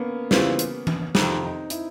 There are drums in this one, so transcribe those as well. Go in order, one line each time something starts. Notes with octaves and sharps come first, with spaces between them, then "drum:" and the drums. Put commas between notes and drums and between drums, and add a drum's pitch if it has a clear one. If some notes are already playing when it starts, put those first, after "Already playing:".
Already playing: A#3 B3 C#4
C#3 E3 G3 B3 C4 F4, drum: snare
drum: hi-hat
drum: tom E3
F2 C3 D#3 C4, drum: snare
D#4
E4, drum: hi-hat